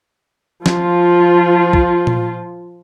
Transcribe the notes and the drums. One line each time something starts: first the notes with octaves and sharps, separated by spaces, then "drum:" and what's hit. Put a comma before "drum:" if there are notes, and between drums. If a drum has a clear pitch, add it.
F3 F4, drum: snare
drum: kick
drum: tom A#2